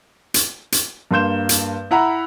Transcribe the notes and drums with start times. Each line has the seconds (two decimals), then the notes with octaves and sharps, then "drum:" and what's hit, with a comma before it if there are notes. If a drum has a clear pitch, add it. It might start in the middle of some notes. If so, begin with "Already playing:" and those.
0.34 drum: hi-hat
0.72 drum: hi-hat
1.11 G2 A#3 C6 G6 E7
1.49 drum: hi-hat
1.91 E4 F#5 A#5 B5